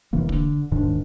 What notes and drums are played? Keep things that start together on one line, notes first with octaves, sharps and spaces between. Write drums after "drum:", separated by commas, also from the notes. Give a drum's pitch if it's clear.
E1 C3 E3 A#3
D3, drum: kick
D#1 G#2 D#3 D4